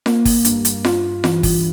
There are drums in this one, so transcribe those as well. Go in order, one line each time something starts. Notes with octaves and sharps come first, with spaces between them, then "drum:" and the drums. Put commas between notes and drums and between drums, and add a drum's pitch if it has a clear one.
A#3, drum: snare F4
drum: kick, open hi-hat
G2, drum: hi-hat
drum: hi-hat
F4, drum: snare F4
E3, drum: snare F4
drum: kick, open hi-hat